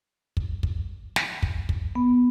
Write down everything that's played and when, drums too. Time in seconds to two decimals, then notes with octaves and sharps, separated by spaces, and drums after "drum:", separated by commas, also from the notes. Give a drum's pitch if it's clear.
0.37 drum: kick
0.63 drum: kick
1.16 drum: snare
1.43 drum: kick
1.69 drum: kick
1.95 B3